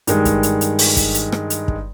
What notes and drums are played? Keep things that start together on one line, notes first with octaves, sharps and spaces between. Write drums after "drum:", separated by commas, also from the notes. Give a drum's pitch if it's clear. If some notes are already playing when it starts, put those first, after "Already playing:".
G2 D#3 G#3, drum: hi-hat
drum: kick, hi-hat
drum: hi-hat
drum: hi-hat
drum: open hi-hat
drum: kick, hi-hat
drum: hi-hat
drum: rim click
drum: hi-hat
drum: kick